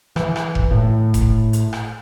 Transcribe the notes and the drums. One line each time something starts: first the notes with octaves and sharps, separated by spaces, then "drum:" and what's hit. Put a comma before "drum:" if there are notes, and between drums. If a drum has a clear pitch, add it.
E3, drum: rim click
drum: rim click
drum: kick F1
A2
drum: kick F1, hi-hat
drum: hi-hat
drum: rim click